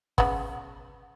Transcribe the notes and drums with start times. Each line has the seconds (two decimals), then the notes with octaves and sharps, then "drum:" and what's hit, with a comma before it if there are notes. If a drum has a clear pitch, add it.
0.18 C#3 B3, drum: kick